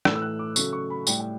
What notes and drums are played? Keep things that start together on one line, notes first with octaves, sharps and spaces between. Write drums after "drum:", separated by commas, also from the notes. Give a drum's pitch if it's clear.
A2 E3 A3 E6, drum: rim click
E6
F#6
D6
C#3 F#3 A3 C#6, drum: tambourine
C#6
B5
A2 G3 G5, drum: tambourine
G5